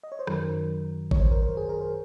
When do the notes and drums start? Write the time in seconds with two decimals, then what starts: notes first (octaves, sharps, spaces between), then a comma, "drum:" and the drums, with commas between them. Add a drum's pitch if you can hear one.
0.03 D#5
0.12 C#5
0.19 C5
0.27 F#2 D#3 F#3 A#4, drum: rim click
1.11 C#5, drum: kick G#1
1.21 C5
1.31 A#4
1.42 C5
1.57 G#4
1.69 A#4
1.81 C5